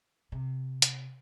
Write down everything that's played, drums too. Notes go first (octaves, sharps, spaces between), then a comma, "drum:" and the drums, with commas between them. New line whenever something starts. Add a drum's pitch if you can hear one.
C3
drum: hi-hat